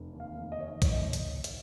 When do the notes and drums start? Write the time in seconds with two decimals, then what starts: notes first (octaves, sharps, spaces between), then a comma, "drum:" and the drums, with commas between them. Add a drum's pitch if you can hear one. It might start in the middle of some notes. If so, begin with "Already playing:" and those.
Already playing: F1
0.13 D#2
0.20 F5
0.35 F1
0.52 D#5
0.59 D#3 C#5
0.68 D#5
0.82 D#2 C#5, drum: kick B1, hi-hat
0.92 D#5
1.13 drum: hi-hat
1.44 drum: hi-hat